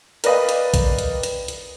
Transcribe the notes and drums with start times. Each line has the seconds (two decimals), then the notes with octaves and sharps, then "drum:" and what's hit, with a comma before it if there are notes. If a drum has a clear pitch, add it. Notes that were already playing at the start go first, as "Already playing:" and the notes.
0.24 A#4 B4 D5 D#5 F5 G5, drum: hi-hat
0.49 drum: hi-hat
0.74 drum: kick A#1, hi-hat
0.99 drum: hi-hat
1.23 drum: hi-hat
1.48 drum: hi-hat